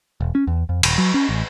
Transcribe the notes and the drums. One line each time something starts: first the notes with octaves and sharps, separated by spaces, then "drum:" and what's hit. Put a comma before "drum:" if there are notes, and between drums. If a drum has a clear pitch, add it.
E1
C#4
E2
F2
D#1, drum: cymbal
F#3
C#4
A1